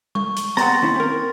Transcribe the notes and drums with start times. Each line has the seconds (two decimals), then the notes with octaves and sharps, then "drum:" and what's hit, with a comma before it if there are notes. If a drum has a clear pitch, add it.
0.15 C#6, drum: tom G3
0.36 drum: hi-hat
0.57 F#5 A#5 C6 A6, drum: snare
0.82 D#2 C#4 E4
0.96 C4 A#4